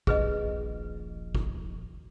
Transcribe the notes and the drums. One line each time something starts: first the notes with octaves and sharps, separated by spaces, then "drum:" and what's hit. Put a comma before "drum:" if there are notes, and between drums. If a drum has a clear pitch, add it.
D#1 A#1 G#4 B4 D#5, drum: kick
drum: kick